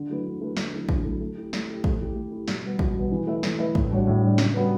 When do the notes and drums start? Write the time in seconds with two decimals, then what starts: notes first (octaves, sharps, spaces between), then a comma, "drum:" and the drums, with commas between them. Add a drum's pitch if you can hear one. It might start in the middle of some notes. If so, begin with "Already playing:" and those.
Already playing: D3
0.09 F#3 A3 E4 B4
0.26 D3
0.41 F#3 A3 E4 B4
0.57 D3, drum: snare
0.74 F#3 A3 E4 A4
0.89 D3, drum: kick
1.05 F#3 A3 E4 A4
1.21 A3
1.37 E4 G4
1.53 A3, drum: snare
1.68 E4 G4
1.84 A3, drum: kick
2.01 E4 G4
2.15 A3
2.32 E4 G4
2.48 B2, drum: snare
2.64 G3 B3
2.79 B2, drum: kick
2.96 G3 B3
3.12 E3
3.27 A3 E4 B4 E5
3.43 E3, drum: snare
3.58 A3 E4 B4 E5
3.75 A2, drum: kick
3.90 G3 D4 F#4 C#5
4.07 A2
4.22 G3 D4 F#4 C#5
4.38 C#3, drum: snare
4.54 G3 B3 F#4 B4